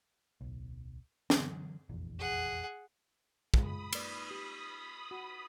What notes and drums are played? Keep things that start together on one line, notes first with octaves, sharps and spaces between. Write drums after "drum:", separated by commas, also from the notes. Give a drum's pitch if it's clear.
D1 B1
D3 E3 F#3, drum: snare
F1 A#1 E2
G#4 F#5
G#3 F4 B5 D#6, drum: kick
A#3 D5, drum: cymbal
G4
F#4